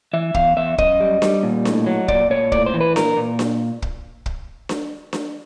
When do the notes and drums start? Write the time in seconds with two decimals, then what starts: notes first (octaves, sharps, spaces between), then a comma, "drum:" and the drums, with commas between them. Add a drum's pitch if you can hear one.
0.13 E3 E5
0.34 E2 F5, drum: kick
0.57 E2 E5
0.78 F#2 D#5, drum: kick
1.00 G3
1.22 G3, drum: snare D4
1.43 A#2
1.65 A2, drum: snare D4
1.86 F#3
2.08 A#2 D5, drum: kick
2.30 A#2 C#5
2.52 A2 D5, drum: kick
2.66 C5
2.74 E3
2.81 B4
2.96 A#2 A#4, drum: snare D4
3.17 A#2
3.39 drum: snare D4
3.82 drum: kick
4.26 drum: kick
4.69 drum: snare D4
5.13 drum: snare D4